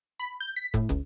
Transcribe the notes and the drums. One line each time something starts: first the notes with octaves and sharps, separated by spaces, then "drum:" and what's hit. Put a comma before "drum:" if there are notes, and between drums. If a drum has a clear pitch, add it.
B5
G6
B6
A2, drum: kick
C#2, drum: kick